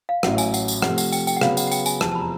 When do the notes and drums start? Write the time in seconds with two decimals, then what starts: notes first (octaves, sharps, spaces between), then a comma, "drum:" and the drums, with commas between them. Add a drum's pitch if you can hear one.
0.09 F5
0.23 A1 A2 F#3 F#5, drum: rim click
0.38 G#5, drum: tambourine
0.54 F#5, drum: tambourine
0.68 drum: tambourine
0.82 C3 F3 A3 F#5, drum: rim click
0.98 F#5, drum: tambourine
1.12 G5, drum: tambourine
1.27 G5, drum: tambourine
1.37 F#5
1.41 C#3 F#3 B3 F5, drum: rim click
1.57 F#5, drum: tambourine
1.67 F#5
1.71 G5, drum: tambourine
1.86 G#5, drum: tambourine
2.01 F1 E2 C3 F3 A5, drum: rim click
2.12 A5 B5
2.21 A#5